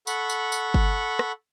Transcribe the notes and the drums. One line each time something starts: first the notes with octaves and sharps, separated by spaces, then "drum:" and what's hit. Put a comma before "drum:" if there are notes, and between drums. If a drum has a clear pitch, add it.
A4 F#5 B5 C#6, drum: tambourine
drum: tambourine
drum: tambourine
drum: kick G1
drum: rim click